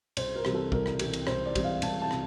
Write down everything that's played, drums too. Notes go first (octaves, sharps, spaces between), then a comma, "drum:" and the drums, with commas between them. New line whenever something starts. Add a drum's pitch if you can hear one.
C2 C5, drum: cymbal
A#4
C3 E3 G3, drum: rim click
A4
C2 A#4, drum: kick
drum: rim click
C3 E3 G3, drum: cymbal
drum: cymbal
C2 C5, drum: rim click
D5
C3 E3 G3, drum: kick, cymbal
F5
C2 A5, drum: cymbal
A5
C3, drum: rim click